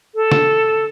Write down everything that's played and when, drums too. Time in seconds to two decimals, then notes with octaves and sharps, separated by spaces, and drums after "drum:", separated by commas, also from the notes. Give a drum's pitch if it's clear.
0.15 A4
0.32 drum: snare